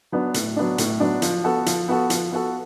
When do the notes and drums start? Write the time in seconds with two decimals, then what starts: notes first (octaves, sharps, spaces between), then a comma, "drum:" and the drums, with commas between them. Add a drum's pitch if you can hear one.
0.12 F#3 B3 D4
0.34 A2, drum: hi-hat
0.56 F#3 B3 D4
0.78 A2, drum: hi-hat
1.00 F#3 B3 D4
1.22 F3, drum: hi-hat
1.44 B3 F#4 A4
1.66 F3, drum: hi-hat
1.88 B3 F#4 A4
2.10 F3, drum: hi-hat
2.32 B3 F#4 A4